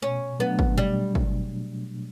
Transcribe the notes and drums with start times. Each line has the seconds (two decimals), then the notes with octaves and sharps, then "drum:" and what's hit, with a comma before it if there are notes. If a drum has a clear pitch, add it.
0.02 B2 C#4
0.40 F#3 A3 B3 D4
0.59 drum: kick
0.78 B2 G3
1.15 drum: kick